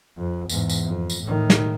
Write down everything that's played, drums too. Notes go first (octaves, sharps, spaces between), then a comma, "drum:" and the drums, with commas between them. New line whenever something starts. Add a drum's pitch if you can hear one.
F2
E2 G#2, drum: tambourine
drum: tambourine
F2
drum: tambourine
A2 D#3
drum: snare